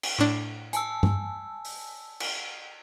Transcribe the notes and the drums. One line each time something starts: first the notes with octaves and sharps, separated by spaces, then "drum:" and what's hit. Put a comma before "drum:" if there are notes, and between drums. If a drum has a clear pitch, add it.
drum: cymbal
A2 D4
G#5 A5 E6, drum: hi-hat
drum: tom G2
drum: open hi-hat
drum: cymbal